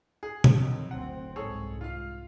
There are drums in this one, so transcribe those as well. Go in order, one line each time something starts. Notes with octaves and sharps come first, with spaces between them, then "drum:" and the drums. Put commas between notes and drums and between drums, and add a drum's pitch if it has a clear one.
G#4
drum: tom B2
F2 D3 D#3 F#3
F#1 D2 C4 F#5
C2 G#2 G#4 A4 C#5
F4 F5